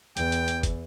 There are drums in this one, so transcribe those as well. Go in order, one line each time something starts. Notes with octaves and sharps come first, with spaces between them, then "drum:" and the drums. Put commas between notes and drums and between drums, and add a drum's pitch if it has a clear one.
E2 G5, drum: hi-hat
drum: hi-hat
drum: hi-hat
drum: kick, hi-hat